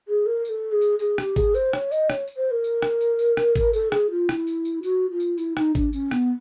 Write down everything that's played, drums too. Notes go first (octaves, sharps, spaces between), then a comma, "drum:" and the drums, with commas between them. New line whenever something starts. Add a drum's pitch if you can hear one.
G#4
A#4
A#4, drum: tambourine
A4
G#4
drum: tambourine
G#4, drum: tambourine
G4, drum: rim click
G#4, drum: kick, tambourine
C5, drum: tambourine
C#5, drum: rim click
D#5, drum: tambourine
C#5, drum: rim click
drum: tambourine
C5
A#4
drum: tambourine
drum: rim click
drum: tambourine
drum: tambourine
drum: rim click
drum: kick, tambourine
A4, drum: tambourine
G#4, drum: rim click
F4
E4, drum: rim click
drum: tambourine
drum: tambourine
F#4, drum: tambourine
F4
drum: tambourine
E4, drum: tambourine
D#4, drum: rim click
D4, drum: kick, tambourine
C#4, drum: tambourine
B3, drum: rim click